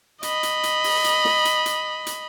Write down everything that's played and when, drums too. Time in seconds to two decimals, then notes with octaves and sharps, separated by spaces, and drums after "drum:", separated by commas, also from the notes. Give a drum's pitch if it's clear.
0.23 D#5 B5, drum: hi-hat
0.43 drum: hi-hat
0.63 drum: hi-hat
0.84 drum: open hi-hat
1.04 drum: hi-hat
1.25 drum: snare
1.45 drum: hi-hat
1.66 drum: hi-hat
2.06 drum: hi-hat